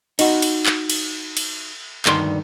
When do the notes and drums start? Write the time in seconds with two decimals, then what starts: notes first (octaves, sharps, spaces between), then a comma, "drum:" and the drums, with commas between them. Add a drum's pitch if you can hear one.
0.19 D#4 F#4, drum: cymbal
0.42 drum: cymbal
0.66 drum: clap
0.90 drum: cymbal
1.37 drum: cymbal
2.05 D2 G2 D#3 C6, drum: clap